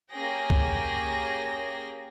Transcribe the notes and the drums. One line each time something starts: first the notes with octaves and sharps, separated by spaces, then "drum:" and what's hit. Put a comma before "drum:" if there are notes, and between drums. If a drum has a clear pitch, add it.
A#3 C#4 G4 G#4 G5 A#6
drum: kick